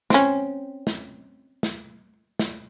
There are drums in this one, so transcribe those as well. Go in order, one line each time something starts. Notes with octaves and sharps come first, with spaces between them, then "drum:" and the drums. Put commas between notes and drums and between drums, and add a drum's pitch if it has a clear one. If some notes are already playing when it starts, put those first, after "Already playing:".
C4 C#4, drum: snare
drum: snare
drum: snare
drum: snare